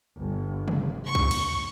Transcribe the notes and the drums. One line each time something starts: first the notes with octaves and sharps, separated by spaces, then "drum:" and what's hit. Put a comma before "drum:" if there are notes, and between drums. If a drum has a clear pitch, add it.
G1
drum: tom C3
C#6
drum: kick
drum: cymbal